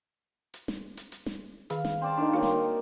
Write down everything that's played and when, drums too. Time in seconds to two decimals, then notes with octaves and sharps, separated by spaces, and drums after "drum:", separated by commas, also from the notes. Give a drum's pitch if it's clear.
0.54 drum: hi-hat
0.68 drum: snare
0.97 drum: hi-hat
1.12 drum: hi-hat
1.26 drum: snare
1.70 D#3 G#4 F5, drum: hi-hat
1.85 drum: snare
2.01 C4 D5 A5
2.18 D#3 A#3 D4 D#4 D5
2.33 A#3 C4 F#4 C#5
2.43 drum: snare